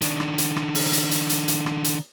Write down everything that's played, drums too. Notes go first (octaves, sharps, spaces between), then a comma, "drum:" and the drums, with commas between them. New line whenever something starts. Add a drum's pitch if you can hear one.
D#3 D4, drum: hi-hat
drum: rim click
drum: hi-hat
drum: rim click
drum: open hi-hat
drum: hi-hat
drum: hi-hat
drum: hi-hat
drum: hi-hat
drum: rim click
drum: hi-hat